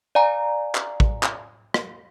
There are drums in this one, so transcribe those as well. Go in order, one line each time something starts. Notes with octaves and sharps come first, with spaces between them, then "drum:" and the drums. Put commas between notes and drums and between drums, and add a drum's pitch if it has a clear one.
D5 F5 G#5 A#5
drum: clap
drum: kick
drum: clap
drum: rim click